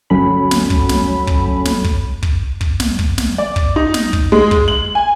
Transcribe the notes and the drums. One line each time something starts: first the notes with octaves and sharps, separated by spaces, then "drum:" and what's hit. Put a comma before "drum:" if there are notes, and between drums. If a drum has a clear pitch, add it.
G1 D2 F#3 C#4 A4 B5
drum: snare
drum: kick
drum: snare
drum: kick
drum: snare
drum: kick
drum: kick
drum: kick
drum: snare
drum: kick
drum: snare
D5
drum: kick
D#4
drum: snare
drum: kick
G#3
drum: kick
F#7
G#5